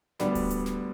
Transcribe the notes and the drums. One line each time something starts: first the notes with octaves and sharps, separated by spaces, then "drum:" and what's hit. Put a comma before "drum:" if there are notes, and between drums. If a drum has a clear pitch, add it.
D2 D3 G3 B3 D4, drum: snare
drum: kick D1, open hi-hat
drum: hi-hat
drum: snare